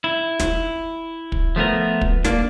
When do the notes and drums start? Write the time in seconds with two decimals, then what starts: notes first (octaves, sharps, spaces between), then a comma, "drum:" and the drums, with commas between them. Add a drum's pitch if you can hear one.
0.04 E4
0.40 drum: snare
1.32 drum: kick
1.56 F3 A3 B3 A#4
2.01 drum: kick
2.25 A#3 D4, drum: snare